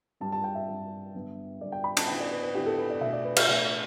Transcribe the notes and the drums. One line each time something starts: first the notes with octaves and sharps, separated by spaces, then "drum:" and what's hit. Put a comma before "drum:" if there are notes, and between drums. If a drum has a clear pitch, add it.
G2 G3 D4 A5
A5
G5
E5
G2 G3 D4
G2 D3 G3 B3 D4
G2 D3 G3 B3 D4 D5
G5
B5
A5, drum: cymbal
D3 B3 E4 G5
D5
B4
B4
D3 B3 E4 G4
A4
B4
D5
B2 A3 D4 E5
D5
B4
E5, drum: cymbal
B2 A3 D4 E5